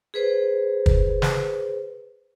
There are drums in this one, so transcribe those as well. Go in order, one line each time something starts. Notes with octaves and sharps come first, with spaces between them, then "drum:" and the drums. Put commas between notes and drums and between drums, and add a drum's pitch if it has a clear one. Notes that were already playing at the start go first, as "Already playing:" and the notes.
G#4 B4 C5
drum: kick
drum: snare